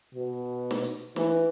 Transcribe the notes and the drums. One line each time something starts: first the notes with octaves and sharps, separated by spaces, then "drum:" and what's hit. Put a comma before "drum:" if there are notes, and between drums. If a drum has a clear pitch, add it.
B2
drum: snare
drum: hi-hat
E3, drum: snare